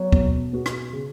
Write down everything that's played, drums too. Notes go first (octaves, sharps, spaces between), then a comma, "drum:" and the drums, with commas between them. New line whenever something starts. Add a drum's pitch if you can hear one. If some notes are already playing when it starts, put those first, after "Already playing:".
Already playing: F#3 B3 F#4
B2, drum: kick
B3 F#4
drum: rim click
C#3